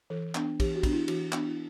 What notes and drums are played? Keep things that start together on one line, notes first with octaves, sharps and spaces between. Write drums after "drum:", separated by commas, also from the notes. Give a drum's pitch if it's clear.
E3 A4
B3 D4, drum: clap
E3 G4, drum: kick, cymbal
F#4
B3 D4, drum: kick, cymbal
E4
E3 F#4, drum: cymbal
B3 D4, drum: clap
E4